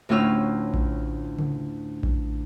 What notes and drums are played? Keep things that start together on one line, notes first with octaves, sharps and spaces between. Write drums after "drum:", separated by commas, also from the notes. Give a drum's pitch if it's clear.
D2 A2 C#4 F4 E6 F6
drum: kick A#1
drum: tom C#3
drum: kick A#1